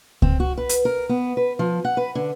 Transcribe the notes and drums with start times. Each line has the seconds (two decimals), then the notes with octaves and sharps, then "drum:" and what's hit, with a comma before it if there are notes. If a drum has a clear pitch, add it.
0.22 C4, drum: kick C#2
0.40 F#4
0.57 B4
0.69 drum: hi-hat
0.85 A#4
1.09 B3
1.37 B4
1.59 F3
1.85 F#5
1.97 B4
2.15 D3